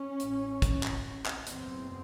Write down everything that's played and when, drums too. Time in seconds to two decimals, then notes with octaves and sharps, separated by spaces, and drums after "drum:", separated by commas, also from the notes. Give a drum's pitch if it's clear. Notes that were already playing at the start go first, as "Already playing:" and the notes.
Already playing: C#4
0.20 A1 A2, drum: hi-hat
0.62 drum: kick, hi-hat
0.83 drum: clap
1.26 drum: clap
1.47 F#1 E2 B2 C4, drum: hi-hat